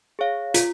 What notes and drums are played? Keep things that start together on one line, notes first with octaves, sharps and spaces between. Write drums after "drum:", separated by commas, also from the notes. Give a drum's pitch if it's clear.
G#4 C#5 F5
F4, drum: hi-hat